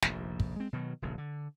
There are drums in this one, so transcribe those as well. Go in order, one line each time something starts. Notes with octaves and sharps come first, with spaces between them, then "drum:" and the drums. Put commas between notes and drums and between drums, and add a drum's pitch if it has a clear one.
F1 A#1 G#2, drum: snare
drum: kick
G#3 C4
B2 D#3 F#3
D#1 A#1 C#3
D3